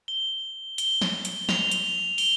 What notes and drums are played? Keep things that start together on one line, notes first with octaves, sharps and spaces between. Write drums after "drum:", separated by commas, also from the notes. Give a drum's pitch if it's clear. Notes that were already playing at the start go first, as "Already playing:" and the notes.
G7
G7, drum: hi-hat
drum: snare
drum: hi-hat
F7, drum: snare
drum: hi-hat
G7, drum: open hi-hat